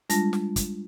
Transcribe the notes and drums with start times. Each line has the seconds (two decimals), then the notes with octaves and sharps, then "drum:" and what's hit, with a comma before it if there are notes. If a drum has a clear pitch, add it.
0.10 G3 G#3 D4 F4 A5 A#6, drum: hi-hat
0.33 drum: snare
0.56 drum: kick, hi-hat